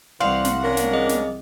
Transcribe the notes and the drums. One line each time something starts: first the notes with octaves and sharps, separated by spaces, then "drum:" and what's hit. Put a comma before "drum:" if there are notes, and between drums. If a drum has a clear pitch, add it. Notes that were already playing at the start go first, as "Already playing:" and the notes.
C2 E3 C4 D5 F5 F#5 C6
drum: snare
C#4 D4 A#4
drum: snare
C4 G#4 D#5
drum: snare